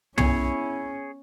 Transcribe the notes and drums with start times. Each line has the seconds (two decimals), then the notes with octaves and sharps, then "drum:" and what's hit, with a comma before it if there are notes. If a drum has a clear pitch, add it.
0.18 B3 C#4 E4 G#4 C#5, drum: tom